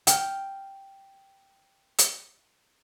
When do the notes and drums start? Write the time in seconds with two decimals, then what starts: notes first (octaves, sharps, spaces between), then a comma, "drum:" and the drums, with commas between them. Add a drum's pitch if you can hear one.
0.07 G5 F6, drum: hi-hat
1.98 drum: hi-hat